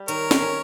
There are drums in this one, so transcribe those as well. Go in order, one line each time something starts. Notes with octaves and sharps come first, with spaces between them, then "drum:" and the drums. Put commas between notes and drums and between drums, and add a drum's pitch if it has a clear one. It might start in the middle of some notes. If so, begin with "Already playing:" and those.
Already playing: G3
D#3 A#4 C#5, drum: hi-hat
drum: snare
C#4